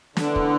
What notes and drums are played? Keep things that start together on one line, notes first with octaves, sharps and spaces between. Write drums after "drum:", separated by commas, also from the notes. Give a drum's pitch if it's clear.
A2 D3 E3 B3, drum: snare
drum: kick